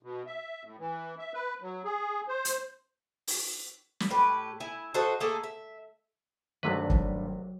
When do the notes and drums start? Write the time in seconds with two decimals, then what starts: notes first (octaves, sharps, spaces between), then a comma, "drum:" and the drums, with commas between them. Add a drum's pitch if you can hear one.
0.03 B2
0.27 E5
0.64 A2
0.79 E3
1.19 E5
1.34 B4
1.61 F#3
1.85 G#4
2.28 C5
2.45 drum: hi-hat
3.27 drum: open hi-hat
4.00 drum: snare
4.10 A2 G4 B4
4.60 E4 G#5
4.94 F#4 A4 C5 D#5
5.20 A3 A#3 G#4 A4
5.44 E5
6.63 C2 G2 C3 D#3 F#3 A3 B4 F#5
6.90 drum: kick